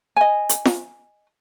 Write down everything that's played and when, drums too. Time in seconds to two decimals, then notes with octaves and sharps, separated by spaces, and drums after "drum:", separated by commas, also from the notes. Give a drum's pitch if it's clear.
0.17 D#5 G#5
0.49 drum: hi-hat
0.65 drum: snare